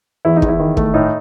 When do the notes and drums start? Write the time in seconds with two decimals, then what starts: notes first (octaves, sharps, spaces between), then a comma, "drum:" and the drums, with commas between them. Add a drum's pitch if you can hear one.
0.25 E2 E4
0.36 D#4
0.42 E2, drum: kick
0.48 E4
0.59 D#3
0.77 A3, drum: kick
0.94 A2 D#4